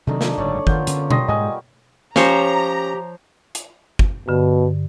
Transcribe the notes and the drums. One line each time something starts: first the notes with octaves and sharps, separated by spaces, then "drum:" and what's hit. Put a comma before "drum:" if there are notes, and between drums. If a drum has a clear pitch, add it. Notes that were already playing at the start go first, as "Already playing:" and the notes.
C3 D#3 F#3 A3 D4 D#4
drum: snare
F#1 G#2 D3 C#5 D5
D#3 A#3 B3 F4 G6, drum: kick
D3 C#4, drum: hi-hat
G3 C6 D#6 A#6, drum: tom B2
G#2 G#3 D#5 G#5 D#6
F3 C#4 G4 C5 C#5 A#5, drum: snare
drum: hi-hat
drum: kick
G2 B2 D3